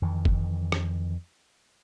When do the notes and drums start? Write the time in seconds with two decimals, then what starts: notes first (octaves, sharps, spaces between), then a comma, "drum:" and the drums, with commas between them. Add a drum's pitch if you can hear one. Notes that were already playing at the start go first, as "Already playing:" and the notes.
0.02 F2 D#3 E3
0.25 drum: kick F#1
0.72 drum: rim click